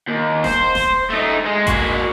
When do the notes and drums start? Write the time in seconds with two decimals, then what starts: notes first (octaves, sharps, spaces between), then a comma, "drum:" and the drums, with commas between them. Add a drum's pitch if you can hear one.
0.08 D#2
0.44 C5, drum: snare E1
0.75 drum: snare E1
1.10 A3 D#4
1.46 G#3
1.67 A#3 F#4, drum: kick A1, hi-hat